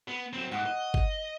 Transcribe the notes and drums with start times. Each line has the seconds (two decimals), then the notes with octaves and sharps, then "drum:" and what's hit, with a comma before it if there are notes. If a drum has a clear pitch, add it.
0.08 B3
0.33 F#3 C4
0.52 G#2 F#4 F#5 D#6
0.66 D#5
0.94 drum: kick G1